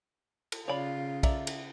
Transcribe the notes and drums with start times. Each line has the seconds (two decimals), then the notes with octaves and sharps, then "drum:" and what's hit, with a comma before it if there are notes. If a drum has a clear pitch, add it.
0.52 drum: cymbal
0.68 C#3 F4 C#5 D5 B5
1.23 D5 E5 A#5, drum: kick B1, cymbal
1.47 drum: cymbal